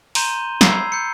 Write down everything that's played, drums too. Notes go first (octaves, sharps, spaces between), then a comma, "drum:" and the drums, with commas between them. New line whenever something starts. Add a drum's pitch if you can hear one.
A#5 C6 G6 D#7 G7, drum: open hi-hat
A#5 B5 E6 G#6 C7, drum: snare
G6 C#7